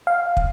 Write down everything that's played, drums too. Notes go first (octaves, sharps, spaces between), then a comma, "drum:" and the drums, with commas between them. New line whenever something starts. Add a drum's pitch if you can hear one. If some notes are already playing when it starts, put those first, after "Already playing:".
F5
drum: kick